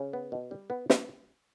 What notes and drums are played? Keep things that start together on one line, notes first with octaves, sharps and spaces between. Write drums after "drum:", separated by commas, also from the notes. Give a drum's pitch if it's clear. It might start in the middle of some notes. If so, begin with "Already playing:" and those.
Already playing: C#3
B3
B2
G3
B3
B3, drum: snare